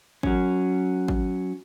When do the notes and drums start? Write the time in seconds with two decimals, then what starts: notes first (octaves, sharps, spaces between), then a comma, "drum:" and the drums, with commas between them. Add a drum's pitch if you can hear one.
0.23 F#3 C#4, drum: kick
1.08 drum: kick